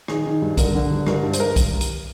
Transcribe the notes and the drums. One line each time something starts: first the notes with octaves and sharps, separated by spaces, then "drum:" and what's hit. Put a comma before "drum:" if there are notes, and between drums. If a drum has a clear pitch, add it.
D#3 G#4, drum: rim click
D#3
G2
D3 A#4, drum: kick, hi-hat
D3
G2
G2 A#4, drum: rim click
G2
C5, drum: hi-hat
G2 A#4
drum: kick, hi-hat
drum: hi-hat